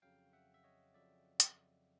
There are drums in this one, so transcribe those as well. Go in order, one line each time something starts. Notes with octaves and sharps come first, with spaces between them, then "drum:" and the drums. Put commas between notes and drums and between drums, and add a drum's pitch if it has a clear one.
F2 C#3 F#3 F5 G5
E5 F#5
E5
C#5 D#5
F2 C#3 F#3 D5 E5
drum: hi-hat